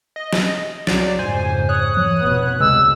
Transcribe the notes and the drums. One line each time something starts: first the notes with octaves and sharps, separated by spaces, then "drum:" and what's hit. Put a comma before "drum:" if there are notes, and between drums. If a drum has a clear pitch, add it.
D#5
drum: snare
C2 F#3 D5, drum: snare
F2 G#2 C#3 C5 G#5
C#5 D#6 F#6
drum: tom E3
F1 B2 B3
F1 D2 G#3 E6, drum: tom B2